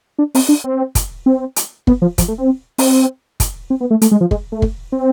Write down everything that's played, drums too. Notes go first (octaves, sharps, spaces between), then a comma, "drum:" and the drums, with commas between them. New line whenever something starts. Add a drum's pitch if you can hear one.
D4
C4, drum: open hi-hat
D4
C4
drum: kick, hi-hat
C4
drum: hi-hat
B3, drum: kick
F3
F3, drum: kick, hi-hat
A3
C4
C4, drum: open hi-hat
drum: kick, hi-hat
C4
B3
A3
A3, drum: hi-hat
G#3
F3
G#3, drum: kick
A3
drum: kick
C4